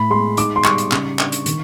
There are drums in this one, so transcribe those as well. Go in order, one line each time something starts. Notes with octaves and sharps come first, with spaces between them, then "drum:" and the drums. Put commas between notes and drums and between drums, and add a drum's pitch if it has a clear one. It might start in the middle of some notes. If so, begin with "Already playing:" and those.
Already playing: A2 B5
G#3 C6
D#4 D6, drum: hi-hat
C6
G3 C#6, drum: clap
drum: hi-hat
C#3, drum: clap
D4, drum: clap
drum: hi-hat
D#3, drum: hi-hat